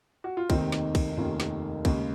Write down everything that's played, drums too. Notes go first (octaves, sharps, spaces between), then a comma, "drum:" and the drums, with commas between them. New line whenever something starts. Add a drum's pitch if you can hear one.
F#4
F4
F1 D#2 D#3 C4 D#4, drum: kick, cymbal
drum: snare
drum: kick, cymbal
D#4
F1 D#2 D#3 C#4 F4, drum: tom F#2
drum: snare
D#2 C#3 G#3, drum: kick, cymbal